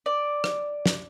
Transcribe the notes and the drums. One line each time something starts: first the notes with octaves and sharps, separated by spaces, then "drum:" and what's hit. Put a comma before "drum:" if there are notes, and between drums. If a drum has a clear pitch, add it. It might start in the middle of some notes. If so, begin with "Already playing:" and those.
D5
drum: rim click
drum: snare